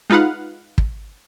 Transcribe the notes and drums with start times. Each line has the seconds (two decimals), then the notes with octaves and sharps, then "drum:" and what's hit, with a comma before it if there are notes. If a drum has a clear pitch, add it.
0.10 G#3 D#4 F4 B4 F5 F#5
0.78 drum: kick